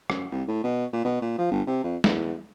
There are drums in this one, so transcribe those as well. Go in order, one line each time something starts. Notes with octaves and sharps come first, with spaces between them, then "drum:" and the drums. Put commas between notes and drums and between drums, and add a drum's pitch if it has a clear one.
F#2, drum: rim click
C2
A2
B2
A#2
B2
A#2
F3
G1
C3
F2
E2, drum: snare